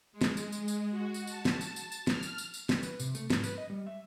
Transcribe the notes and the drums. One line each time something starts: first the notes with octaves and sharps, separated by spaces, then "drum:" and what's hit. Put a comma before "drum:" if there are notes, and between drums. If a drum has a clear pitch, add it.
G#3
drum: snare
drum: tambourine
drum: tambourine
drum: tambourine
F#4
drum: tambourine
A5, drum: tambourine
drum: snare
drum: tambourine
drum: tambourine
drum: tambourine
F6, drum: snare
drum: tambourine
drum: tambourine
drum: tambourine
drum: snare
B4, drum: tambourine
C3, drum: tambourine
A3, drum: tambourine
G#2, drum: snare
B4, drum: tambourine
D#5
G3
E5